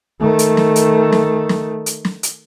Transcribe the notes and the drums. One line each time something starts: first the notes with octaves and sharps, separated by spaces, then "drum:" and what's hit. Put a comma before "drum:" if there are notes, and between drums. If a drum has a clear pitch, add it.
D#3 A3
drum: hi-hat
drum: snare
drum: hi-hat
drum: snare
drum: snare
drum: hi-hat
drum: snare
drum: hi-hat